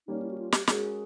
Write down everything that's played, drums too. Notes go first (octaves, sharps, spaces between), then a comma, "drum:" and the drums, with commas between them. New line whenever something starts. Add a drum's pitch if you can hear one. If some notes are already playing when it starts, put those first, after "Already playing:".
G3 A#3 C#4 D#4
E4
F#4
F4
G4, drum: snare
G#3 C#4 F#4 G#4 A#4, drum: snare